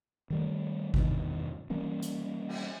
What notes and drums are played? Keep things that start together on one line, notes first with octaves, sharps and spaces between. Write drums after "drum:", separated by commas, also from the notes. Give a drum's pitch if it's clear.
D#3 G3 A3
E2 G2 B2 D#3, drum: kick G#1
E3 G3 A#3 C#4
drum: hi-hat
drum: cymbal